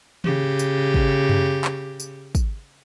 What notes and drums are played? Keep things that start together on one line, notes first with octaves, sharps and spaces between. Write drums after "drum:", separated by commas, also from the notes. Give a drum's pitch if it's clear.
C#3 G4, drum: tom D#3
drum: tambourine
drum: kick
drum: tom F#2
drum: clap
drum: tambourine
drum: kick, tambourine